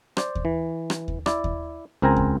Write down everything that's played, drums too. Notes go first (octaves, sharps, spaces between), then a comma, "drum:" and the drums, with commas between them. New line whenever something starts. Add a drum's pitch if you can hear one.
C5 D5, drum: rim click
drum: kick D#2
E3
drum: rim click
drum: kick D#2
E4 D5, drum: rim click
drum: kick D#2
C#2 C4 A#4 C5 G#5 A#5
drum: kick D#2